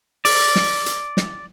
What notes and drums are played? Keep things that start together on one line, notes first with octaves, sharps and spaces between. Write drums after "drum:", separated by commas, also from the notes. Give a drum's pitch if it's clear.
D5, drum: open hi-hat
drum: snare
drum: hi-hat
drum: snare